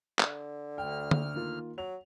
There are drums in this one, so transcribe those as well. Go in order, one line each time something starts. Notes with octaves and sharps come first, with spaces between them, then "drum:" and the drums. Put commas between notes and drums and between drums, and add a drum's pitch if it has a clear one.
D3, drum: clap
D2 G5 F6
drum: tom D3
D#3 A#3 F4
F#3 F7